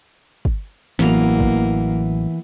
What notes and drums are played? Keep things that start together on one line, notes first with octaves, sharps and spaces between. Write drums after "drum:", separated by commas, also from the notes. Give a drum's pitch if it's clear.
drum: kick
A1 E3 F#3 A#3 B3, drum: snare
drum: kick